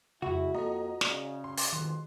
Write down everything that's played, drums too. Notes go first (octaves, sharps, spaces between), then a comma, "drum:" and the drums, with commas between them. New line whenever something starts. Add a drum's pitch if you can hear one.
F2 C#3 G#3 E4 F#4
F2 A#3 A4 D#5 A#5
C#3 D5, drum: snare
C6
drum: open hi-hat
B1 F2 G#2 D#3